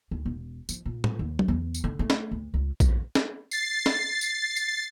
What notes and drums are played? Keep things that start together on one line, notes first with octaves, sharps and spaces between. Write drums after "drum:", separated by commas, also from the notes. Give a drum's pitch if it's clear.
D2
E1
F3, drum: tambourine
A#2
drum: tom A2
D#2
drum: tom F#3
E2
drum: tambourine
D3
A3
drum: snare
D2
C#2
drum: kick A#1, tambourine
drum: snare
A6 C7, drum: tambourine
drum: snare
drum: tambourine
drum: tambourine